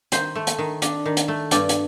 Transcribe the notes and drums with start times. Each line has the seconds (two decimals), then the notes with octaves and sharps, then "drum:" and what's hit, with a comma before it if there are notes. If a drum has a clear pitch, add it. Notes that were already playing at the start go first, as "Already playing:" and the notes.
0.12 D#3 C5, drum: hi-hat
0.35 A3
0.47 drum: hi-hat
0.58 D#3
0.82 D4, drum: hi-hat
1.06 D#3
1.17 drum: hi-hat
1.28 A3
1.51 G2 D5, drum: hi-hat
1.69 drum: hi-hat